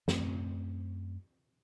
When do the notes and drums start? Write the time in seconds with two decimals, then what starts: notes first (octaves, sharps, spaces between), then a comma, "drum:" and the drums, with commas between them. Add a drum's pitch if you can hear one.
0.08 F#2 A3 C4, drum: snare